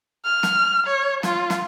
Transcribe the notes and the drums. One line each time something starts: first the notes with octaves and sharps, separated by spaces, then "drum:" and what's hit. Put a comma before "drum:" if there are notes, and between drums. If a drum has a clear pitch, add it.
F6
drum: snare
C#5
F4, drum: snare
drum: snare